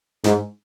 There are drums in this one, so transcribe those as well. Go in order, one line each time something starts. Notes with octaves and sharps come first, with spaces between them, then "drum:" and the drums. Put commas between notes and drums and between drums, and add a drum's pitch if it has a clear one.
G#2, drum: snare